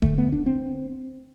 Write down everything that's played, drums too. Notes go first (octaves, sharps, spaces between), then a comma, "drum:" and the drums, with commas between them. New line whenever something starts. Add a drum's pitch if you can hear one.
D2 D3 A3, drum: kick D#1
B3
D4
C4